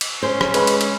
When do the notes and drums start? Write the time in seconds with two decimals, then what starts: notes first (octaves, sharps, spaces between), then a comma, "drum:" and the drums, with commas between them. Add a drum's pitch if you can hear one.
0.01 drum: cymbal
0.23 C#4 C5
0.41 drum: rim click
0.54 G#3 B4 B5, drum: cymbal
0.67 drum: cymbal
0.81 drum: cymbal